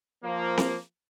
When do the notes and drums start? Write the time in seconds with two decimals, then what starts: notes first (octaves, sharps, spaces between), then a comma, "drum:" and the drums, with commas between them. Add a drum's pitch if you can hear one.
0.23 F3 A#3
0.58 drum: snare C4